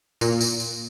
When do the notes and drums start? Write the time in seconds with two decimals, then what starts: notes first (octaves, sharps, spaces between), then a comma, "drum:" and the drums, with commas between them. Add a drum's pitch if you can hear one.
0.21 A#2, drum: tambourine
0.41 drum: tambourine
0.60 drum: tambourine